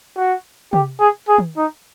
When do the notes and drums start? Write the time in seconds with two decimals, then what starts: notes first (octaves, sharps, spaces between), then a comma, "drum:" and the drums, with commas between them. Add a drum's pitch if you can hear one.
0.17 F#4
0.73 G4, drum: tom
1.00 G#4
1.29 G#4
1.38 drum: tom D#3
1.57 D#4